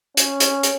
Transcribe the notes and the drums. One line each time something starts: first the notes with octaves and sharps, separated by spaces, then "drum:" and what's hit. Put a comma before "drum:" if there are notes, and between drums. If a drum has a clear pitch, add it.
C#4, drum: hi-hat
drum: hi-hat
drum: hi-hat